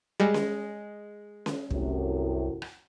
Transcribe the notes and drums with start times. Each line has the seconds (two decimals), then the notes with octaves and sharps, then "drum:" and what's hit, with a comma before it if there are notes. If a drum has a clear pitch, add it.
0.20 G3 G#3
0.34 drum: snare C#4
1.46 drum: snare C#4
1.70 C2 F#2 A2 C3, drum: kick
2.62 drum: rim click